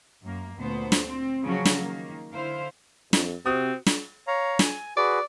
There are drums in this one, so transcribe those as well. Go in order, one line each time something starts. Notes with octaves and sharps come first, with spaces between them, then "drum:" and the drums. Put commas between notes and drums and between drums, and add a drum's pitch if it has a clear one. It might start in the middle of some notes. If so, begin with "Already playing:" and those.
F#2 A#3
D2 A#2 B3 C5
drum: snare
C4
C#3 F3 F#3 A#3 C#4 F#4
drum: snare
D#3 A#3
D3 E4 C5 F5
F2, drum: snare
C3 C4 F#4 D#6
drum: snare
C#5 F5 A#5
G#5, drum: snare
F#4 G#4 B4 D5